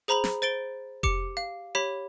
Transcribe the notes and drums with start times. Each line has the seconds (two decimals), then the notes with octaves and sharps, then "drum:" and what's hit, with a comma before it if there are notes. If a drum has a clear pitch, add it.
0.08 G#4 C5 A#5 B5 F7 F#7
0.24 drum: snare
0.42 C5 A6 D7 G7
1.03 G4 D6 C#7, drum: kick F1
1.37 F5
1.75 G4 C#5 B5 B6